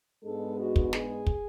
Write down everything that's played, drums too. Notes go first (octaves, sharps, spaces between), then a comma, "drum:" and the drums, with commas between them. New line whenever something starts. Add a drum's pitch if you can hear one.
G#2 G#3 B3 D4 A4
F#4
drum: kick
G#4, drum: snare
drum: kick